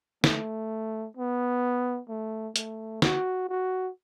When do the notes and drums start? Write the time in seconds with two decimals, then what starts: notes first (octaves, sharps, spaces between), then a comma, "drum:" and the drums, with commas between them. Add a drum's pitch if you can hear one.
0.24 A3, drum: snare
1.17 B3
2.09 A3
2.56 A3, drum: hi-hat
3.02 F#4, drum: snare
3.49 F#4